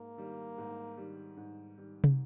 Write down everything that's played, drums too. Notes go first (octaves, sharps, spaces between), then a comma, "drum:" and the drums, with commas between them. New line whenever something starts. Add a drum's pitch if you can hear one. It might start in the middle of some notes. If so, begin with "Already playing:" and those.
Already playing: G#2 A#3
D#3 G3
G#2
D#3 G3
G#2
D#3 G3
drum: tom